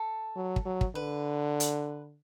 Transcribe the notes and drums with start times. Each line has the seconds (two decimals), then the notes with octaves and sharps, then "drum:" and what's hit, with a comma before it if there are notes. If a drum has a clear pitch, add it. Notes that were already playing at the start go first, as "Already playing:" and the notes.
Already playing: A4
0.36 F#3
0.56 drum: kick
0.66 F#3
0.81 drum: kick
0.95 D3 B4
1.60 drum: hi-hat